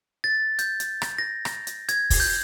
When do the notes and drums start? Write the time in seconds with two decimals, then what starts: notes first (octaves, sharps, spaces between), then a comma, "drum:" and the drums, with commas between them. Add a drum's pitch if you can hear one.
0.24 A6
0.59 G6, drum: hi-hat
0.80 drum: hi-hat
1.02 drum: rim click
1.18 A#6
1.45 drum: rim click
1.67 drum: hi-hat
1.89 G#6, drum: hi-hat
2.10 drum: kick, open hi-hat
2.20 G6